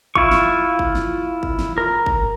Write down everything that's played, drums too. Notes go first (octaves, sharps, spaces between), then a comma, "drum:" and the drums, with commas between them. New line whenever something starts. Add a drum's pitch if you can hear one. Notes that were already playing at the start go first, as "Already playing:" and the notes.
E4 F4 C#6, drum: kick
drum: snare
drum: kick
drum: snare
drum: kick
drum: snare
A#4
drum: kick